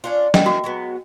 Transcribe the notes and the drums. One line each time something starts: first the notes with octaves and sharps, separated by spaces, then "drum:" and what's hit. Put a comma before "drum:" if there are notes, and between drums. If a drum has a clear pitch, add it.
C#4 D4 F4
B3 A4 D#5 G5, drum: snare
A#3 F#4 E5
F#3 G#3 B3